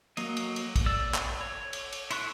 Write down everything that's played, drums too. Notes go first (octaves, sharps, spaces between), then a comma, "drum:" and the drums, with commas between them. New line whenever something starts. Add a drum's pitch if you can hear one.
F#3 A#3 D#5, drum: cymbal
drum: cymbal
drum: cymbal
drum: kick, cymbal
D5 E6
drum: clap
C#5
drum: cymbal
drum: cymbal
E4 C6 C#6 F#6, drum: cymbal